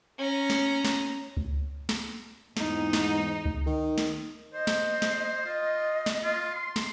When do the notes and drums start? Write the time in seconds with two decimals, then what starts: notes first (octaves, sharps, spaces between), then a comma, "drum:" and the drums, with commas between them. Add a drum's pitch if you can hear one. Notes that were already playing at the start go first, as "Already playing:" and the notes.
0.18 C#4 A#5
0.50 drum: snare
0.85 drum: snare
1.37 drum: kick C#2
1.89 drum: snare
2.57 E2 G#2 D#4, drum: snare
2.93 drum: snare
3.45 drum: kick C#2
3.66 D#3
3.98 drum: snare
4.54 C5 D#5
4.67 drum: snare
5.02 drum: snare
5.46 F4 D#5
6.06 drum: snare
6.24 F4
6.54 C6
6.76 drum: snare